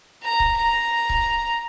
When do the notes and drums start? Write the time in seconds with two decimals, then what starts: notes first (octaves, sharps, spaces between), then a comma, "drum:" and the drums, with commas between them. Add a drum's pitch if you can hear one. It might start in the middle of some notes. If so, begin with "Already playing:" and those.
0.23 A#5
0.40 drum: kick C#1
0.57 A#5
1.09 drum: kick C#1